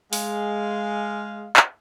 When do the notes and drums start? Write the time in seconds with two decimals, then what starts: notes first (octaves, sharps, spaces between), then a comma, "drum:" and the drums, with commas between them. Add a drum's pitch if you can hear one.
0.13 G#3 F5, drum: open hi-hat
1.57 drum: clap